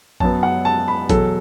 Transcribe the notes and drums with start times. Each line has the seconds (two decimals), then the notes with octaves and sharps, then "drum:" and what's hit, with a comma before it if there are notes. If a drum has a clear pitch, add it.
0.20 F#2 F#3 B3 A5, drum: kick A1
0.43 F#5
0.65 A5
0.88 B5
1.09 E2 B2 F#3 A4, drum: kick A1, hi-hat